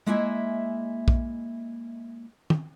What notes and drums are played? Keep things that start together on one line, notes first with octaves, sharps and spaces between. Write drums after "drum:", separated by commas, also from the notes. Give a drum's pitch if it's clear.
G#3 A#3 E4 D#5 E5 G#5
drum: kick
drum: tom